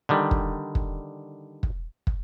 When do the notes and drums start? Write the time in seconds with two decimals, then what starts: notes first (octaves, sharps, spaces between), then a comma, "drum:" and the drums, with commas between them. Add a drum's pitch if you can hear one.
0.09 D3 D#3 G3
0.31 drum: kick
0.75 drum: kick
1.63 drum: kick
2.07 drum: kick